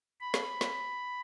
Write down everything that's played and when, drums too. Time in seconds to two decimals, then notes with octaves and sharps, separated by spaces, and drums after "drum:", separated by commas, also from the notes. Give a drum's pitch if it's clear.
0.20 B5
0.34 drum: snare
0.61 drum: snare